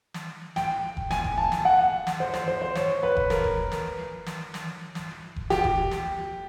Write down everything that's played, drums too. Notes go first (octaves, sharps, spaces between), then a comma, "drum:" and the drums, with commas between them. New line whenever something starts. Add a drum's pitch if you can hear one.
drum: snare
G5, drum: snare
drum: kick F1
G#5, drum: snare
drum: kick F1
A5
drum: snare
F#5
drum: snare
C5
C5, drum: snare
C5
C5
C#5, drum: snare
B4
drum: kick F1
A#4, drum: snare
drum: kick F1
drum: snare
drum: snare
drum: snare
drum: snare
drum: kick F1
G4, drum: snare
drum: kick F1
drum: snare